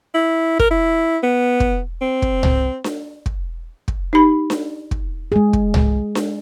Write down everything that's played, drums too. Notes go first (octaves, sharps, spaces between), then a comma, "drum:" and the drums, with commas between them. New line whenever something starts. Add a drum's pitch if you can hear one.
E4
A#4, drum: kick
E4
B3
drum: kick
C4
drum: kick
drum: tom C2
drum: snare D4
drum: kick
drum: kick
D#4 G4 B5
drum: snare D4
drum: kick
G#3 G#4
drum: kick
drum: tom C2
drum: snare D4